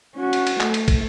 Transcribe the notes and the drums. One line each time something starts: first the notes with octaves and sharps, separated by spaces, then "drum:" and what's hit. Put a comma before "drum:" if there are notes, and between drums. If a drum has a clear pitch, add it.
C#4 F#4
drum: cymbal
drum: cymbal
A3, drum: clap
drum: cymbal
drum: kick, cymbal